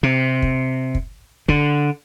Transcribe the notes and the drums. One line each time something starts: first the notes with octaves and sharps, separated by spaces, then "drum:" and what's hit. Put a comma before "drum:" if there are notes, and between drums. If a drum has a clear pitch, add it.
C3
drum: kick
drum: kick
D3, drum: kick